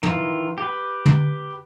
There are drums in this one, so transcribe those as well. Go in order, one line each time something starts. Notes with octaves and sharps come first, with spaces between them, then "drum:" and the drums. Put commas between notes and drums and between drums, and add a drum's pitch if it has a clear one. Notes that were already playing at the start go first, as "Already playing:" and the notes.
D#3 E3 F4, drum: tom
G4 B4
drum: tom